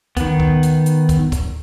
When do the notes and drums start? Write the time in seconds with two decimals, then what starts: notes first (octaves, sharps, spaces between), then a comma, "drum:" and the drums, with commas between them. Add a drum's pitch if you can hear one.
0.17 D#3 B3, drum: kick, hi-hat
0.40 drum: kick
0.63 drum: hi-hat
0.86 drum: hi-hat
1.09 drum: kick, hi-hat
1.32 drum: kick, hi-hat